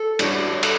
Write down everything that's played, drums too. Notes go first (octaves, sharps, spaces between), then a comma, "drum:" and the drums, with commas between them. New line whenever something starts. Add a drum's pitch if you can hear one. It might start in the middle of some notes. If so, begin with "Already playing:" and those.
Already playing: A4
G3 D4 F#4 C#5, drum: cymbal
A4, drum: cymbal